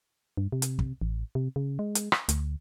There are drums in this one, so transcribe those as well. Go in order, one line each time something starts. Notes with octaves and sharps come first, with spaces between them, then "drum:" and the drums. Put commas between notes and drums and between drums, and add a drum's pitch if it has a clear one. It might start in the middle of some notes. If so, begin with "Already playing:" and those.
G2
C3
drum: hi-hat
drum: kick
A1
C3
C#3
G#3
drum: hi-hat
drum: rim click
D2, drum: hi-hat